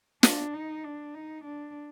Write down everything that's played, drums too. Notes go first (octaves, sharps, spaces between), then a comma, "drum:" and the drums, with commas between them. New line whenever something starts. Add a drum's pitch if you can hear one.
D4, drum: snare
D#4
D4
D#4
D4